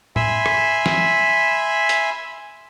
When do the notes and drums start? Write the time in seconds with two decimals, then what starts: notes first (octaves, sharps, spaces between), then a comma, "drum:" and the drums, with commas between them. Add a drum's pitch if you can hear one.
0.16 E5 G#5 B5 C6 E6, drum: tom A2
0.46 drum: rim click
0.86 drum: snare
1.89 drum: hi-hat